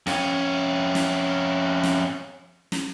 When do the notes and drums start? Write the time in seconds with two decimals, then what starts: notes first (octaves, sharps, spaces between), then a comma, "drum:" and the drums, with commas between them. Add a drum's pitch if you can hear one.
0.07 F2 C#4, drum: snare
0.95 drum: snare
1.83 drum: snare
2.72 drum: snare